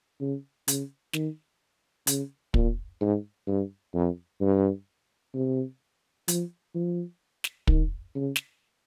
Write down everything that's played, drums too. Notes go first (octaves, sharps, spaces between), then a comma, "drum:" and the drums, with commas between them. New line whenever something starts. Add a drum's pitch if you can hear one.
C#3
C#3, drum: hi-hat
D#3, drum: snare
C#3, drum: hi-hat
A#2, drum: kick
G#2
G2
F2
G2
C3
F3, drum: hi-hat
F3
drum: snare
D#3, drum: kick
C#3
drum: snare